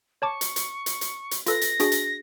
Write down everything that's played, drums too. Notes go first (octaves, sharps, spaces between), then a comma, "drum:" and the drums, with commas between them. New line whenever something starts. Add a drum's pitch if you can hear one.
C#5 A5 C#6 D6
drum: hi-hat
drum: hi-hat
drum: hi-hat
drum: hi-hat
drum: hi-hat
F4 A4 B4 A#6, drum: hi-hat
drum: hi-hat
D4 F#4 G#4, drum: hi-hat
drum: hi-hat